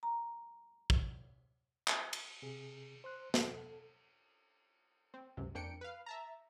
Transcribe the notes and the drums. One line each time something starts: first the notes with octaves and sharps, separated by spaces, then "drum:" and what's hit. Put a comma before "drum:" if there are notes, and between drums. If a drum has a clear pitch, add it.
A#5
drum: kick
drum: clap
drum: cymbal
C3 G#4
C5 C6 F#6
A4, drum: snare
C4
C#2 F#2 C3
F2 A#3 D4 G5 C#7 D7
B4 F5
E5 A5 A#5